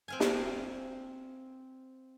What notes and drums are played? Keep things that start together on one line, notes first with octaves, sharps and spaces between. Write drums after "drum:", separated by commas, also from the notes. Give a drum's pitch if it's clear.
C4 F5 G#5
drum: snare